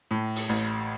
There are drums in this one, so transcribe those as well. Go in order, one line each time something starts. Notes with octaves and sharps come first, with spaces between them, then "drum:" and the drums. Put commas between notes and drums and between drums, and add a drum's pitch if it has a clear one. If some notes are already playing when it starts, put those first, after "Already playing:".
A2
drum: open hi-hat
A1